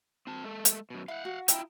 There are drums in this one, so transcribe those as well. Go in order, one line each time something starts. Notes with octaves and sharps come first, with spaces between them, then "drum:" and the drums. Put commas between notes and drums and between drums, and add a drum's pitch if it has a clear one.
C4 A5
G#3 A3 A4
drum: hi-hat
F#2 B2
E4 F5 F#5
F#4
E4 F4 A#4 E5 G5 D#6, drum: hi-hat